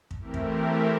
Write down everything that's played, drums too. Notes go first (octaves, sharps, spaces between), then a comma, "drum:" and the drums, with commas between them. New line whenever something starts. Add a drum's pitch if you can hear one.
drum: kick
E3 A3 C4 E4 G4 A#4
drum: kick